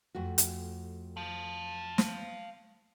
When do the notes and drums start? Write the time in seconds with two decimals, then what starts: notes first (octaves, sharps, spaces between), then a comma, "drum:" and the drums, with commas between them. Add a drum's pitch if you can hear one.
0.15 F2 A3 F#4
0.38 drum: hi-hat
1.17 F5 A5
1.98 drum: snare